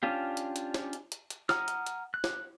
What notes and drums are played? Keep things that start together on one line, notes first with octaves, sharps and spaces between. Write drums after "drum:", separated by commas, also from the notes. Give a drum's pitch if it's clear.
C#4 D4 F4 G4
drum: hi-hat
drum: hi-hat
drum: snare
drum: hi-hat
drum: hi-hat
drum: hi-hat
F#5 A#5 D#6 F6, drum: snare
drum: hi-hat
drum: hi-hat
F#6
drum: snare